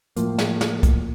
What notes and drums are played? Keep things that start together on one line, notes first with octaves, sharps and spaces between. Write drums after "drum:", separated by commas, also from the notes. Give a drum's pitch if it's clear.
A2 F3 A#3, drum: hi-hat
drum: snare
drum: snare
drum: kick, hi-hat